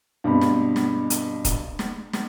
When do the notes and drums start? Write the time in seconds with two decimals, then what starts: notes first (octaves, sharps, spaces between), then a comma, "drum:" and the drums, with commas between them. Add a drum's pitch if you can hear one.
0.24 G2 B2 C4 B5
0.41 drum: snare
0.76 drum: snare
1.10 drum: hi-hat
1.45 drum: kick D#1, hi-hat
1.79 drum: snare
2.13 drum: snare